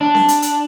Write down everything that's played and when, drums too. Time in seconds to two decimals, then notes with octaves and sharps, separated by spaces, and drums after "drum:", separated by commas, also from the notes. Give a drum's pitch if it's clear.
0.01 D4
0.15 drum: snare C4
0.28 drum: hi-hat
0.42 drum: hi-hat